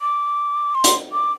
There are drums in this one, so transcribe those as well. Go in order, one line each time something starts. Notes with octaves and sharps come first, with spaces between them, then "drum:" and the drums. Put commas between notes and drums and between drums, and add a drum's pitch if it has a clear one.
D6
C6
drum: hi-hat
D6